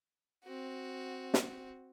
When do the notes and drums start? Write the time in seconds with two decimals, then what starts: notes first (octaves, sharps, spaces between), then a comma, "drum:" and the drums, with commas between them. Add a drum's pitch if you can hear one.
0.44 C4 F#4
1.34 drum: snare